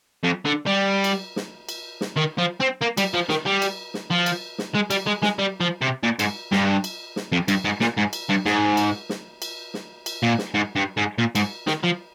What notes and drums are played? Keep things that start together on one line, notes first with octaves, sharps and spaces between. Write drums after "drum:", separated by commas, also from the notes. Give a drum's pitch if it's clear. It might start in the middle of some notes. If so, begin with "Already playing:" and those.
F2
D3
G3
drum: cymbal
drum: snare
drum: cymbal
drum: snare
D#3
F3
C4
A#3
G3, drum: cymbal
F3
D#3, drum: snare
G3
drum: cymbal
drum: snare
F3
drum: cymbal
drum: snare
G#3
G3, drum: cymbal
G#3
G#3, drum: snare
G3
F3
C3
A#2
G#2, drum: cymbal
G2, drum: snare
drum: cymbal
drum: snare
F2
G2, drum: cymbal
G#2
A#2, drum: snare
G#2
drum: cymbal
G2
G#2, drum: snare
drum: cymbal
drum: snare
drum: cymbal
drum: snare
drum: cymbal
A#2
drum: snare
G#2
G2
G#2
A#2
G#2, drum: cymbal
D#3, drum: snare
F3